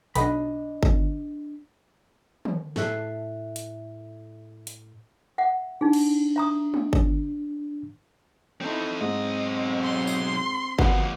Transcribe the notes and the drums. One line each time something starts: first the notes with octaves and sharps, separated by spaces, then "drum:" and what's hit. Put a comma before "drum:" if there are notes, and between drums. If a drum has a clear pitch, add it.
B1 D4 D#5 B5, drum: hi-hat
drum: kick G1
drum: tom
A2 A4 E5 F#6 C7, drum: snare
drum: hi-hat
drum: hi-hat
E5 F#5
D4 D#4 G#4
drum: cymbal
E5 A#5 D#6
drum: tom
drum: kick G1
C4 D#4 E4 A4
B1 G#2 C4 D#5
C6
drum: tambourine
A#2 F3 F#4 B4 F#5, drum: kick G1